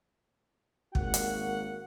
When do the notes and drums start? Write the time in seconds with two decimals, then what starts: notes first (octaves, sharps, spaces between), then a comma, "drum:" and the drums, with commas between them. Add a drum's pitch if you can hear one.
0.95 G#1 A#3 F#4 F#5, drum: kick
1.14 drum: hi-hat